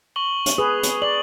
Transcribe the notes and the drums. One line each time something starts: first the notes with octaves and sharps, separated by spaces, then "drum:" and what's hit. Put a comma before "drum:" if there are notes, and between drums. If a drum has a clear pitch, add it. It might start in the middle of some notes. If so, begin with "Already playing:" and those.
C#6 F#7 G7
drum: hi-hat
G#4 B4 D#6
drum: hi-hat
D5 C#6 F#7